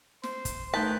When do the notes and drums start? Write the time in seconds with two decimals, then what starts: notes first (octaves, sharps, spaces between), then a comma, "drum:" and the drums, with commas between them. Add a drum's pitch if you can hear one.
0.23 C5, drum: snare
0.45 drum: kick, hi-hat
0.74 D#3 A3 B4 A5 G6 B6